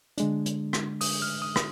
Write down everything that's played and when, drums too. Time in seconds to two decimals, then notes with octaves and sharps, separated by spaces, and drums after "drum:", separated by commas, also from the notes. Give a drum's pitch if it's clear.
0.18 D3 G#3 D4, drum: hi-hat
0.46 drum: hi-hat
0.73 drum: rim click
1.01 D#6, drum: open hi-hat
1.22 F6
1.42 D#6
1.56 drum: rim click